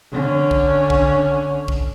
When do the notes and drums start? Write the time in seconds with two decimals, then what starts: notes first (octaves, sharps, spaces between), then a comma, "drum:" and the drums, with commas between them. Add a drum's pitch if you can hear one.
0.12 D3 C#4
0.51 drum: kick B1
0.90 drum: kick B1
1.68 drum: kick B1